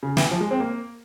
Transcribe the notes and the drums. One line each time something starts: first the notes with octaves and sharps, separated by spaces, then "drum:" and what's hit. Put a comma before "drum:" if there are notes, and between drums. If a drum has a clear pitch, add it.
C#3
E3, drum: snare
F3
G#3
C4
A#3